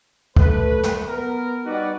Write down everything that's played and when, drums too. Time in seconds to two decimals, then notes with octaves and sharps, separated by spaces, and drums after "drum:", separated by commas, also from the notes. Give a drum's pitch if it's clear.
0.36 A3 B4, drum: kick
0.83 drum: snare
1.08 B3 A#4
1.65 G3 D#4 F#4 B4 D5